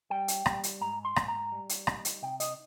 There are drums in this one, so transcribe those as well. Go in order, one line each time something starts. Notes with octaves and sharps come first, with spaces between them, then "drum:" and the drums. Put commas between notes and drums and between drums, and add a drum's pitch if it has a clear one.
G3 G5
drum: hi-hat
G3, drum: rim click
drum: hi-hat
G#2 A#5
C6
G#2, drum: rim click
A#5
G3
drum: hi-hat
D#4, drum: rim click
drum: hi-hat
C3 G5
D#5, drum: hi-hat